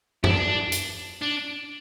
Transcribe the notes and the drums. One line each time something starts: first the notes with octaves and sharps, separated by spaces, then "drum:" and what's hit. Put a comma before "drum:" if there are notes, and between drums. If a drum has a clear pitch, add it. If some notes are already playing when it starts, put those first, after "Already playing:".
E4, drum: tom
D4
drum: hi-hat
D4